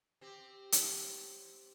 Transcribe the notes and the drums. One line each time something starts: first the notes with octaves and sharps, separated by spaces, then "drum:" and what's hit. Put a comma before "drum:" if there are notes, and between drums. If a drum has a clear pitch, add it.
C4 G4
drum: hi-hat